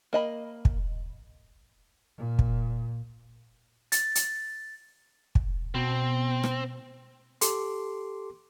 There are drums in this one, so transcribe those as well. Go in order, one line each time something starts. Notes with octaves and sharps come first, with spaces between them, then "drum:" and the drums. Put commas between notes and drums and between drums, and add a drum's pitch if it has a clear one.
A#3 D#5 B5
drum: kick
A#2
drum: kick
A6, drum: hi-hat
drum: hi-hat
drum: kick
B2 C4
drum: rim click
G4 A4 C6 D6, drum: hi-hat